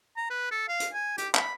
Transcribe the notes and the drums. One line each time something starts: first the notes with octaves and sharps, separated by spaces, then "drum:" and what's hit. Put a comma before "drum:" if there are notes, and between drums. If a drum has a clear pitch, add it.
A#5
B4
A4
F5
drum: hi-hat
G#5
G4, drum: hi-hat
B5, drum: clap